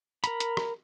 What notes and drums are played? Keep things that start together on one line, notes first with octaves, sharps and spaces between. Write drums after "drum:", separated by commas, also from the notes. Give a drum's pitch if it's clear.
A#4 A#5 B5, drum: hi-hat
drum: hi-hat
drum: rim click